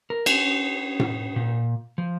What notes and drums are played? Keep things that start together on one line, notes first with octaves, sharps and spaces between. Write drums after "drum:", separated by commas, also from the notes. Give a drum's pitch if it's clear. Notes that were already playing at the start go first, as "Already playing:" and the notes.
A#4
C#4, drum: cymbal
drum: tom A2
A#2
F3